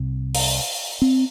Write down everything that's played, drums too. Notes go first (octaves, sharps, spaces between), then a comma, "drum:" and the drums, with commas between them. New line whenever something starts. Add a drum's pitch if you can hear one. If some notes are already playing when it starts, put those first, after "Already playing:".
Already playing: C2 C3
drum: open hi-hat
C4